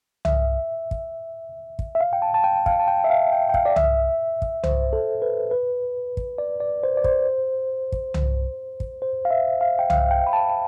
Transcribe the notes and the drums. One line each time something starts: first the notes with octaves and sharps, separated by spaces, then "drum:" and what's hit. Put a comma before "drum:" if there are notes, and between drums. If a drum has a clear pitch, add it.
E5, drum: tom C2
drum: kick
drum: kick
E5
F5
G5
A5
A5
G5
F5, drum: kick
A5
G5
E5
F5
G5
G5
F5, drum: kick
D5
E5, drum: tom C2
drum: kick
C5, drum: tom C2
A4
B4
B4
drum: kick
D5
D5
C5
D5
C5, drum: kick
drum: kick
drum: tom C2
drum: kick
C5
F5
E5
F5
G5
F5, drum: tom C2
G5
B5
A5